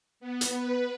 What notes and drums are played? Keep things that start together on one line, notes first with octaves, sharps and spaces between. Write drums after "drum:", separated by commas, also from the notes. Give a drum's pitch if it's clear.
B3
drum: hi-hat
B4